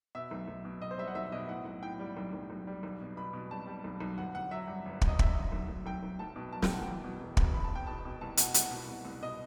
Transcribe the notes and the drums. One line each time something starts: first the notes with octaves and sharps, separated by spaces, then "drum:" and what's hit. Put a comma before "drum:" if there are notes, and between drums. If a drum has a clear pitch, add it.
B2 E5
B1
B1
B2
B2 D#5
C5
G3 E5
F#5
B1 E5
B2 D#5
A2 F#5
B1
A2 G5
G3
B1
B1
B1
G3
B1
B2
B2 B5
B2
G3 A5
G3
B1
B1
G1 F#5
G1 F#5
F#3 E5
G2
G1
F#3, drum: kick
D#5
F#3 E5, drum: kick
G2
B1
B1
B1 G5
B1
B1 A5
B2
F#3 A5
G5, drum: snare
B2 F#5
G5
E2
B2
E1
E1, drum: kick
E1 B5
A5
E1 G5
B2 A5
B2
C2 A5
B2 F#5, drum: hi-hat
C2 F#5, drum: hi-hat
B2
C2
C2
B2 D#5